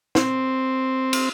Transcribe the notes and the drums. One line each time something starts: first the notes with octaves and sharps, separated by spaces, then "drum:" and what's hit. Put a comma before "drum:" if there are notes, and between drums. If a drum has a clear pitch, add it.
C4, drum: snare
drum: cymbal